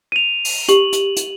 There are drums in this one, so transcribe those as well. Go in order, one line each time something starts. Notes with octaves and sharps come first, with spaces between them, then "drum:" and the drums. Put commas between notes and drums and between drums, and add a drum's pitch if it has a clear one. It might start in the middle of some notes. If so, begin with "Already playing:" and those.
D#7 F7
drum: open hi-hat
G4 F#7, drum: hi-hat
drum: hi-hat
drum: hi-hat